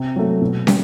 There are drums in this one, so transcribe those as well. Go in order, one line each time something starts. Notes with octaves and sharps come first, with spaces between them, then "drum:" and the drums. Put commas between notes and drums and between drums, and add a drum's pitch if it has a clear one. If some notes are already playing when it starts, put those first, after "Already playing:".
Already playing: C3
F#3 A3
B2
G3, drum: snare